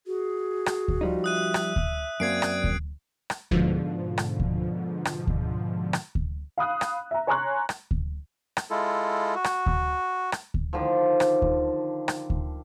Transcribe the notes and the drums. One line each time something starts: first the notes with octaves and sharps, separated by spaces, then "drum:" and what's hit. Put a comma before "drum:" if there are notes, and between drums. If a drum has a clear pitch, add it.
F#4 G#4
drum: rim click
drum: kick D2
F3 G3 D#4
E5 D#6 F#6 D#7
drum: rim click
drum: kick D2
F#2 A#3 C4 D5 G#6 C7 D7
drum: rim click
drum: kick D2
drum: rim click
G#2 B2 D3 F3, drum: kick D2
drum: rim click
drum: kick D2
drum: rim click
drum: kick D2
drum: rim click
drum: kick D2
F5 B5 D#6 F#6
drum: rim click
E5 A#5
C#5 G#5 A#5 C6 C#6 F#6
drum: rim click
drum: kick D2
drum: rim click
G#3 E4 F4 A4
F#4
drum: rim click
drum: kick D2
drum: rim click
drum: kick D2
D3 D#3 F3
drum: rim click
drum: kick D2
drum: rim click
drum: kick D2